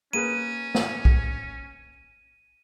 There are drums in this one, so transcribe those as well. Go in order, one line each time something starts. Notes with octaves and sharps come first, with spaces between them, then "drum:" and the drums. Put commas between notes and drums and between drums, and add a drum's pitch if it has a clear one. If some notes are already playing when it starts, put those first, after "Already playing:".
A#3 C#4 G#4 B4 D#7
drum: snare
drum: kick